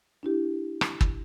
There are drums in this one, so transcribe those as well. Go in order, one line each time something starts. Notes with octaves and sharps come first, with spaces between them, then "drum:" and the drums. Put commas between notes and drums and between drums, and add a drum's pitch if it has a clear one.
D4 E4 G4
drum: rim click
drum: kick